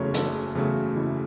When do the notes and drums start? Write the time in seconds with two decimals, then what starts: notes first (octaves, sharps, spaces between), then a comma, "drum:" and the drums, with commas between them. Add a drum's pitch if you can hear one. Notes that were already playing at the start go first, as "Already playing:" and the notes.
Already playing: F#1 E2 C#3 F#3 A3 C#5
0.14 F#1 A4, drum: hi-hat
0.55 E2 C#3 F#3 A3
0.96 F#1 E4